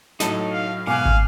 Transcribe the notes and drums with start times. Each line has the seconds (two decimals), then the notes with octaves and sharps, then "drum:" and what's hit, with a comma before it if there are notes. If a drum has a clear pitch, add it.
0.20 A2 F#3 A3 D#4 A4, drum: snare
0.52 F5
0.87 G#2 B2 F5 G#5 D6 F#6
1.05 drum: kick